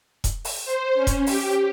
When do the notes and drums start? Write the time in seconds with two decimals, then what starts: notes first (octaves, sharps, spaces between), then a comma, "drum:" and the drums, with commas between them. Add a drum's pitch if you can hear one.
0.24 drum: kick E1, hi-hat
0.45 drum: open hi-hat
0.65 C5
0.95 C#4
1.07 drum: kick E1, hi-hat
1.27 G4, drum: open hi-hat